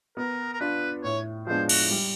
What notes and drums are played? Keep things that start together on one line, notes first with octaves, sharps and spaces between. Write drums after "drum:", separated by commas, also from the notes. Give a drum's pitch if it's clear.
B3 A#4
A#4
D4 F4 B4
A2 C#5
F3 G#3 B3 D4 C5
F#4, drum: cymbal
G3